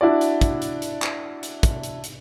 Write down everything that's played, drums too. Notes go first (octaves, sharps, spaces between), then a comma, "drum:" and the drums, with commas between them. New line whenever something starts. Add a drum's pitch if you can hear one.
D4 E4 F#4 D5
drum: hi-hat
drum: kick, hi-hat
drum: hi-hat
drum: hi-hat
drum: clap
drum: hi-hat
drum: kick, hi-hat
drum: hi-hat
drum: hi-hat